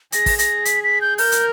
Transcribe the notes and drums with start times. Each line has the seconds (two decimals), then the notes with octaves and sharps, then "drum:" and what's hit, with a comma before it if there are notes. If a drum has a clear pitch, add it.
0.12 G#4 A#6, drum: hi-hat
0.26 drum: kick, open hi-hat
0.39 A#6, drum: hi-hat
0.65 B6, drum: hi-hat
0.84 B6
1.01 G6
1.18 A#4 G6, drum: open hi-hat
1.32 drum: hi-hat